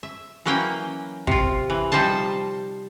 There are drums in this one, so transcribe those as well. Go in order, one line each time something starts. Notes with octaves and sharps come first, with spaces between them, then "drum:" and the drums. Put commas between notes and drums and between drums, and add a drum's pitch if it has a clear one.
E5
E3 F#3 A#3 C#4 G5
C3 F4, drum: kick
E3
F3 G3 D#4 C5 A5